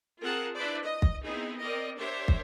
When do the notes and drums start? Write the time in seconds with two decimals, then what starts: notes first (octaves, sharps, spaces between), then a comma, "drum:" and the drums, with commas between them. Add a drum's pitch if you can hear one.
0.21 C4 F4 G#4 A#4 F#5 A5
0.55 D4 E4 B4 C5 D5
0.86 D#5
1.02 drum: kick
1.23 B3 C4 D#4 E4 G#4
1.59 C4 A#4 D5 D#5
1.96 D4 G4 A#4 C5 C#5 E5
2.28 drum: kick